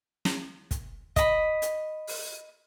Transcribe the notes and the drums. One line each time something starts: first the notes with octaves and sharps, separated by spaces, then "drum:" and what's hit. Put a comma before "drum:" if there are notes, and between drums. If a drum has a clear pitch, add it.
drum: snare
drum: kick, hi-hat
D#5 B5, drum: kick, hi-hat
drum: hi-hat
drum: open hi-hat